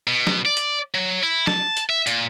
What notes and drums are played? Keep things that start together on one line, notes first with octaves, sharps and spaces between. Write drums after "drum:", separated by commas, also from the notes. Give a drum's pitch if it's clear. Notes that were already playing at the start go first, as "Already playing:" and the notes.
B2
drum: snare
D5
drum: hi-hat
F#3
E4
A5, drum: snare
drum: hi-hat
E5
A#2, drum: hi-hat